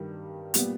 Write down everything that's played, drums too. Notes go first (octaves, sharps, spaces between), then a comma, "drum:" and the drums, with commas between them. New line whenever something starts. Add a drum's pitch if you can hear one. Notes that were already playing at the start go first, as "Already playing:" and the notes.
Already playing: G2 D#3 G3
A#2 G3 B3, drum: hi-hat